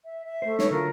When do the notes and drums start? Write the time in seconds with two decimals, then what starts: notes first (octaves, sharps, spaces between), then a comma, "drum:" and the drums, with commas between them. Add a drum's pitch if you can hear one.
0.05 E5
0.25 E5
0.42 A3 C5
0.59 D#4 B4 C#5, drum: snare
0.71 D3 F#3 F4 A#4